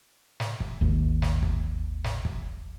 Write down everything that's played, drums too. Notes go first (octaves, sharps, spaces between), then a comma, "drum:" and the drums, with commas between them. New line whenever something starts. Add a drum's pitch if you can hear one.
drum: snare
drum: kick
G#1 D#2
drum: snare
drum: kick
drum: snare
drum: kick